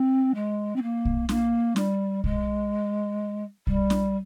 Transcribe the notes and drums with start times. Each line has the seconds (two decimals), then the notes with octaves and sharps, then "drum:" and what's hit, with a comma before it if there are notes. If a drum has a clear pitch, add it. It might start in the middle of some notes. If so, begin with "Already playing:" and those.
Already playing: C4
0.34 G#3
0.75 C4
0.82 A#3
1.05 drum: kick
1.29 A#3, drum: snare
1.76 G3, drum: snare
2.24 G#3, drum: kick
3.67 G3, drum: kick
3.90 drum: snare